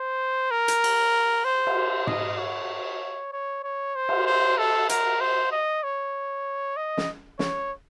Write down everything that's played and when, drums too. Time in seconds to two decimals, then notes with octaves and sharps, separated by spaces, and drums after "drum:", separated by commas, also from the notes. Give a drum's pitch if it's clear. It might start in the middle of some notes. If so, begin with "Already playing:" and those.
Already playing: C5
0.51 A#4
0.68 drum: hi-hat
0.84 drum: cymbal
1.45 C5
1.67 drum: cymbal
2.07 D#5, drum: tom G#2
2.38 C#5
3.33 C#5
3.63 C#5
3.95 C5
4.09 drum: cymbal
4.26 C5
4.58 A4
4.89 A#4, drum: hi-hat
5.20 C5
5.51 D#5
5.83 C#5
6.76 D#5
6.97 drum: snare
7.39 C#5, drum: snare